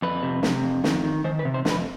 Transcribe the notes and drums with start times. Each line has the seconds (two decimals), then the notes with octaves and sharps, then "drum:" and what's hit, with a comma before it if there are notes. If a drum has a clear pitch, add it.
0.02 F2 B4
0.23 C3
0.43 C3, drum: snare
0.63 F2
0.84 D#3, drum: snare
1.04 D#3
1.24 D#3 C5
1.39 B4
1.45 C3
1.54 C5
1.65 F2, drum: snare
1.70 B4